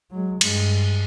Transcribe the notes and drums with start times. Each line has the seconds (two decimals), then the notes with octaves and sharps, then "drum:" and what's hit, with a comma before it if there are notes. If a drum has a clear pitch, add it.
0.11 F#3 G#3
0.41 G2 G#3, drum: cymbal